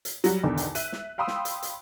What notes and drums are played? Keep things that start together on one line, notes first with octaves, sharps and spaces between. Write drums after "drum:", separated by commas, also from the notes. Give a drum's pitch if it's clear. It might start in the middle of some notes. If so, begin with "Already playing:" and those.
drum: hi-hat
F#3 G3 F#4, drum: hi-hat
B1 E2 D3 D#3
drum: hi-hat
E5 F#6 D#7, drum: hi-hat
drum: snare
F5 G5 B5 C6 D#6 E6
drum: snare
drum: hi-hat
drum: hi-hat